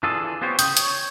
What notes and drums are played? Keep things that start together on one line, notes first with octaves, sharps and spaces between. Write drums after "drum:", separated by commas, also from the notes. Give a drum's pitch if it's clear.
E3 F4 G#4 A4 D5
B3 F4 G4 C5 C#5
C#3 G5 D#6 G6, drum: hi-hat
C#5, drum: hi-hat